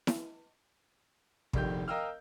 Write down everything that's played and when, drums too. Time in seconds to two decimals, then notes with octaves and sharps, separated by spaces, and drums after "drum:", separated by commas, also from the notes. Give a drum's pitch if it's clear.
0.07 drum: snare E4
1.53 F1 A#1 D#3 G4 G6, drum: kick
1.88 A#4 D#5 F5 G5 E6 F6